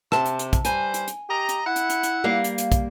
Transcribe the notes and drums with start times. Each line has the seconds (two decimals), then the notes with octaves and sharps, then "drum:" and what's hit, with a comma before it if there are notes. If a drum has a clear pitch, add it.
0.12 C3 A5, drum: rim click
0.26 drum: hi-hat
0.39 drum: hi-hat
0.53 drum: kick, hi-hat
0.65 G3 B4 C5 G#5, drum: hi-hat
0.94 drum: hi-hat
1.08 drum: hi-hat
1.29 G4 D#5 A#5
1.49 drum: hi-hat
1.66 E4 F#5
1.76 drum: hi-hat
1.90 drum: hi-hat
2.03 drum: hi-hat
2.24 G3 A#3 F5
2.44 drum: hi-hat
2.58 drum: hi-hat
2.72 drum: kick, hi-hat